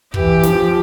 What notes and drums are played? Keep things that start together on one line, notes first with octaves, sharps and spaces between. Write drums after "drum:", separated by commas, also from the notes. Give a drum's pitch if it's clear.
E3 G4, drum: kick
F3, drum: snare